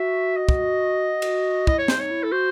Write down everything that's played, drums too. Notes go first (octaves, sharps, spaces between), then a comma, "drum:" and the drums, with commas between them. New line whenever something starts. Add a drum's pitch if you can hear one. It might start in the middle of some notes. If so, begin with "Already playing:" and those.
Already playing: F#4 E5
D#5
drum: kick
drum: cymbal
E4 D#5, drum: kick
C#5
D#4 C5, drum: snare
C#5
E4
A4
F#4 C5